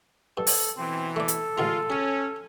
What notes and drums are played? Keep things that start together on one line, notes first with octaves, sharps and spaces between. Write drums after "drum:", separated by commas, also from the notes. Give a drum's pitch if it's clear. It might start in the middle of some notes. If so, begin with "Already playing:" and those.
G2 A4
drum: open hi-hat
B2 E3 C4
A3 A4 D5
drum: hi-hat
A1 D3 G#3 F4 A#5
C#4 G#4 G#5